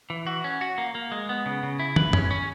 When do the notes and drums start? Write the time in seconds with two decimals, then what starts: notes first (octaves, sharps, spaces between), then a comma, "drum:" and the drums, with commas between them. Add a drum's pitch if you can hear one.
0.10 E3
0.27 F#4
0.44 C#4
0.61 F#4
0.78 A#3
0.95 A#3
1.12 G#3
1.29 B3
1.46 C#3
1.63 C#3
1.79 E4
1.96 B4, drum: tom
2.13 C#4, drum: tom
2.31 C#4